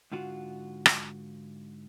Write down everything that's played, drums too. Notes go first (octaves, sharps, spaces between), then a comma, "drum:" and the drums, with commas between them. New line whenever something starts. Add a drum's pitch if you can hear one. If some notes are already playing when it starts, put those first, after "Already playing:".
G#2 D3 F4 F#4
drum: rim click